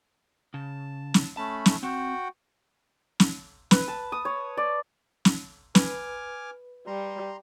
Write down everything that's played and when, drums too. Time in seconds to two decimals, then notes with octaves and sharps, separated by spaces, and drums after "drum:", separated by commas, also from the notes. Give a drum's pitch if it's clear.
0.54 C#3 A5
1.14 drum: snare
1.37 A3 C#4 A5 B5
1.66 drum: snare
1.83 C4 F#4 F#5 G5
3.20 drum: snare
3.71 B4, drum: snare
3.88 A5
4.12 D#6
4.25 C#5
4.57 D5
5.25 drum: snare
5.75 B4 G#5 D6 F6, drum: snare
6.87 G3 A#5 C6